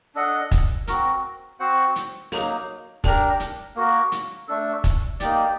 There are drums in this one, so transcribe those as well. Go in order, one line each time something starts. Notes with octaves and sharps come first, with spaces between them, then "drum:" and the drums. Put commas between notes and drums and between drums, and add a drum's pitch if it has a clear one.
D4 A4 D#5 F#5
drum: kick, hi-hat
C4 F#4 A#4, drum: hi-hat
C4 F#4 C5 F#5
drum: hi-hat
F#3 A#3 D#4, drum: open hi-hat
D4 G4 A#4, drum: kick, open hi-hat
drum: hi-hat
A#3 F#4 A#4
drum: hi-hat
A3 D4 A4
drum: kick, hi-hat
A#3 D#4 G4 D5, drum: hi-hat